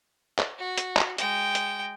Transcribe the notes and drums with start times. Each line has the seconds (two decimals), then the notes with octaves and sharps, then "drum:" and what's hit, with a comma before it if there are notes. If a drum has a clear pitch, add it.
0.39 drum: clap
0.58 F#4
0.78 drum: hi-hat
0.97 drum: clap
1.18 G#3 G5, drum: hi-hat
1.55 drum: hi-hat